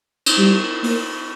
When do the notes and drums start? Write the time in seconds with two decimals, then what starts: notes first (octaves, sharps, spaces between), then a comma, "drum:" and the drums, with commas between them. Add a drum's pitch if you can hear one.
0.26 drum: cymbal
0.38 G3
0.83 A#3, drum: open hi-hat